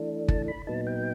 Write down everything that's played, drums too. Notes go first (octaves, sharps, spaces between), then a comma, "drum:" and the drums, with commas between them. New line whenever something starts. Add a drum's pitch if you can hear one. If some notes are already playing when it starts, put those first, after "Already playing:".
Already playing: E3 A3 D4
A5, drum: kick
B5
A#2 F#3 B3 D#4 A5
G5